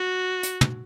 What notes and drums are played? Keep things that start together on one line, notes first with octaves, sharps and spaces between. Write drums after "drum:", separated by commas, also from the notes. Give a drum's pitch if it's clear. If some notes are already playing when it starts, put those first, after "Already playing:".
Already playing: F#4
drum: hi-hat
drum: tom